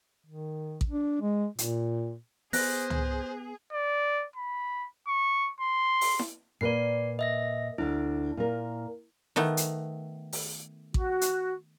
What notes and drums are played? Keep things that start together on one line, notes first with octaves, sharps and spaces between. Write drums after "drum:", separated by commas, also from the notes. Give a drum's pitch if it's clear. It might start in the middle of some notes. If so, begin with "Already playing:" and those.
D#3
drum: kick A1
D4
G#3
A#2, drum: hi-hat
B3 G#4 C5 F#6 A#6, drum: open hi-hat
drum: tom
D5
B5
C#6
C6
drum: open hi-hat
drum: snare E4
A#2 A#4 B4 D5 C7
D#5 E5 A#6
D2 D4 E4
A#2 A#4
D#3 A3 B3, drum: snare E4
drum: hi-hat
drum: open hi-hat
F#4, drum: kick A1
drum: hi-hat